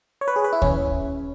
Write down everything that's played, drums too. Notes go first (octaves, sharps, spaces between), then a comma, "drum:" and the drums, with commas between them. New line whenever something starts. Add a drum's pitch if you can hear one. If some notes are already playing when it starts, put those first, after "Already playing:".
C#5
B4
G#4
B4
E4
C#4, drum: kick D2